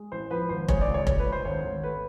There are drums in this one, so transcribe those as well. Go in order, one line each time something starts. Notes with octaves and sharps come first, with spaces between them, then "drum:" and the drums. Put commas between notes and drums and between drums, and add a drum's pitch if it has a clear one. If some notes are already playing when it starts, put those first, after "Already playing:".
Already playing: G#3
A1 C5
F3 B4
G#1 C5
G#3 C#5, drum: kick F1
D5
C#2
C#5
A3 C#5, drum: kick F1
B4
D2
C5
G#1 C#5
G#1
A3 B4